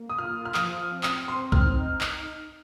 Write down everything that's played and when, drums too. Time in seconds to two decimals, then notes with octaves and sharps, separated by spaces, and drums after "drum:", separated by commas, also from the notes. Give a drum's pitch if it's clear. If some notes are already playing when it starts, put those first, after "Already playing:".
Already playing: A#3
0.09 D#6
0.18 F4 F6
0.45 F6
0.54 F3 D#6, drum: clap
0.91 C4
1.03 D#6, drum: clap
1.28 C4 C6
1.52 F6, drum: kick
1.64 D#4
2.01 drum: clap